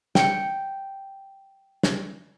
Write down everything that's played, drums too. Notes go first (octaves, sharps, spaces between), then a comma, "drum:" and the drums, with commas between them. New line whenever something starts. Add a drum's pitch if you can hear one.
G5 C#7, drum: snare
drum: snare